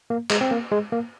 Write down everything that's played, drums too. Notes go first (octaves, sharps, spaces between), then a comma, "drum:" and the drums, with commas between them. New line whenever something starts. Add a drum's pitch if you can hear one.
A#3
G#3, drum: clap
C4
A#3
G#3
A#3